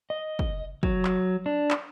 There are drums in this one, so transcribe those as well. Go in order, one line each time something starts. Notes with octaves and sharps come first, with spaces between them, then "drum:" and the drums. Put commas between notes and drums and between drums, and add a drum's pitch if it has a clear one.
D#5
drum: kick
F#3, drum: kick
drum: clap
D4
drum: clap